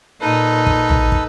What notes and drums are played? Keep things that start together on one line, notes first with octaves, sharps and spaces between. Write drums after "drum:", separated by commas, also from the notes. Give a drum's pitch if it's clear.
A#2 D#4 A4 B4
drum: kick
drum: tom A#1
drum: kick